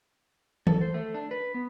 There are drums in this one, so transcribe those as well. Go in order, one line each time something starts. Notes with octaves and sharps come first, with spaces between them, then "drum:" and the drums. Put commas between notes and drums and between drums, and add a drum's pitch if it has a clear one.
A4, drum: tom D#3
C5
A3
D4
B4
B3